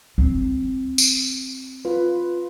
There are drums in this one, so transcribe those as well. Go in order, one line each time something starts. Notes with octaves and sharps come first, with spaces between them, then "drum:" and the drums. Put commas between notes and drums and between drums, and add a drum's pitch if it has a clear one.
C4
drum: tambourine
F4 B4